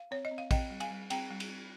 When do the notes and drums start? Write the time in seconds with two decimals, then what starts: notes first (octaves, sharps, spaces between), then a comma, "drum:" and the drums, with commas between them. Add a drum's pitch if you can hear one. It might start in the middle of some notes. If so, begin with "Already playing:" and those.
Already playing: F5
0.11 C4 C#5
0.25 D#5
0.31 C4
0.38 F5
0.51 C4 D#5 G5, drum: kick, cymbal
0.70 G3
0.80 F5 G#5, drum: cymbal
0.90 G3
1.10 C4 G5 A#5, drum: cymbal
1.31 G3
1.40 drum: cymbal
1.50 C4